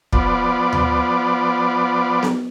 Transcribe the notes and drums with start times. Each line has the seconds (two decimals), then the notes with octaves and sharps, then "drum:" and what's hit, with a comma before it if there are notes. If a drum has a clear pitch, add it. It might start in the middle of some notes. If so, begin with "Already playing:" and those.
0.13 F3 B3 D5, drum: kick
0.73 drum: tom D2
2.23 drum: snare B3